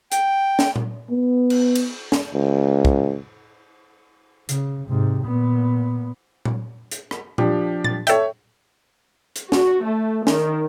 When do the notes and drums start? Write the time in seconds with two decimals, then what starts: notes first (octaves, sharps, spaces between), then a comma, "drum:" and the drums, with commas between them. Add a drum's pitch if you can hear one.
0.12 G5, drum: hi-hat
0.59 drum: snare
0.76 drum: tom A#2
1.10 B3
1.50 drum: cymbal
1.75 drum: cymbal
2.12 drum: snare
2.34 C#2
2.85 drum: kick
4.49 C#3, drum: hi-hat
4.87 G#2 C3
5.24 A#2 B3
6.45 drum: tom A#2
6.91 drum: hi-hat
7.11 drum: rim click
7.38 F3 D4 G4, drum: tom A#2
7.84 A6, drum: tom A#2
8.07 A4 C#5 E5 G5, drum: hi-hat
9.36 drum: hi-hat
9.52 F#4, drum: snare
9.85 A3
10.27 D#3, drum: snare